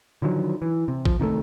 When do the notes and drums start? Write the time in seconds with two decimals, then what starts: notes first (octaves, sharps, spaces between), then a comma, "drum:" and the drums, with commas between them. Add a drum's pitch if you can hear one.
0.22 D3 D#3 F3 F#3
0.62 E3
0.88 C3
1.05 F3, drum: kick A1
1.20 C3 D#3 F#3 A3